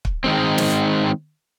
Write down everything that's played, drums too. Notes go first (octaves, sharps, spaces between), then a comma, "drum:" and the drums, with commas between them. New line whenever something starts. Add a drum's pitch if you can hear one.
drum: kick
D#3 G#3 C4
drum: snare